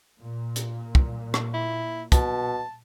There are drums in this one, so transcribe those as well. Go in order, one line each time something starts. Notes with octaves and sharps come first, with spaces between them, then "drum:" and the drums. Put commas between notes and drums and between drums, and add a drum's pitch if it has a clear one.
A#2
drum: hi-hat
drum: kick
drum: rim click
E4
B2 A5, drum: kick, hi-hat